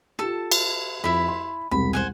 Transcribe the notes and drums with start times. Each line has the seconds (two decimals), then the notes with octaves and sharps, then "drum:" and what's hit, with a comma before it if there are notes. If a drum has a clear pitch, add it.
0.19 F4 G4 A4 A5
0.52 drum: cymbal
1.04 F2 E4 B5
1.28 C6
1.71 E1 C2 C4 B5
1.93 C5 F#5 G#5